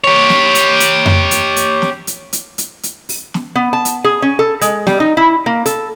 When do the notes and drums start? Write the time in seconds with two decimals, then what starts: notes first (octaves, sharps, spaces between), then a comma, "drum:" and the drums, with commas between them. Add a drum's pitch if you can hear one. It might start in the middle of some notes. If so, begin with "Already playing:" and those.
0.04 G4 C#5
0.29 drum: snare
0.55 drum: hi-hat
0.80 drum: hi-hat
1.06 drum: tom F2
1.31 drum: hi-hat
1.56 drum: hi-hat
1.82 drum: snare
2.07 drum: hi-hat
2.33 drum: hi-hat
2.58 drum: hi-hat
2.83 drum: hi-hat
3.09 drum: open hi-hat
3.34 drum: snare
3.55 B3
3.73 A5
3.85 drum: hi-hat
4.04 G#4
4.22 C#4
4.39 A4
4.61 G#3, drum: hi-hat
4.87 G3, drum: snare
5.00 D#4
5.17 E4
5.46 A#3
5.66 A4, drum: hi-hat